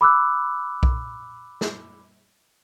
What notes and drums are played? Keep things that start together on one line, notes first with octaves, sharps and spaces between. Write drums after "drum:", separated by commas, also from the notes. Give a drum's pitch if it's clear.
B5 D6 E6 F#6
drum: kick B1
drum: snare